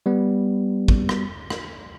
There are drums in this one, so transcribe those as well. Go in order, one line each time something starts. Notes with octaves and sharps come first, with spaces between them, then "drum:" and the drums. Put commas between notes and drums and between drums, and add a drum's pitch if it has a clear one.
G3 B3
drum: kick
drum: rim click
drum: rim click